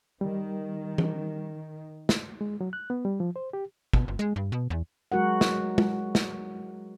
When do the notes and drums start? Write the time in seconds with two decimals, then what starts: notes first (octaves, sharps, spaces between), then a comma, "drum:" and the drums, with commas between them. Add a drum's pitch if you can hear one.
0.21 D#3 G3
0.98 drum: tom E3
2.09 drum: snare
2.41 G#3
2.61 F#3
2.73 F#6
2.90 B3
3.05 G3
3.20 F3
3.36 C5
3.53 G4
3.93 B2, drum: kick
4.08 G1
4.19 G#3
4.36 G2
4.52 B2
4.70 E2
5.12 F#3 G#3 F#4 A#4 F#5
5.41 drum: snare
5.78 drum: tom
6.15 drum: snare